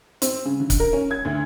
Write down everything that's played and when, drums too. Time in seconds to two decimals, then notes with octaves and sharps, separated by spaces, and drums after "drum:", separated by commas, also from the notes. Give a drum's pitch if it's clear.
0.22 C4, drum: hi-hat
0.45 C#3
0.60 D3
0.70 drum: kick C#1, hi-hat
0.80 A#4
0.93 C#4
1.11 G#6
1.25 D2